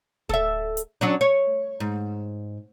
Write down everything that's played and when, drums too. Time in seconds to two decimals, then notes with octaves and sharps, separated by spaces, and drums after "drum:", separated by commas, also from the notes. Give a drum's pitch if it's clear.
0.29 A4 E5, drum: kick D1
0.77 drum: hi-hat
1.01 F#3 C#4 D4
1.21 C#5
1.80 G#2